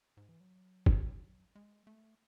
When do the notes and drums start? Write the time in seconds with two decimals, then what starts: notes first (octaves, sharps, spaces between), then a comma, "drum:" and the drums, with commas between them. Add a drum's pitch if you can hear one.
0.17 G#2
0.29 E3
0.40 F#3
0.86 drum: kick
1.55 G#3
1.87 A3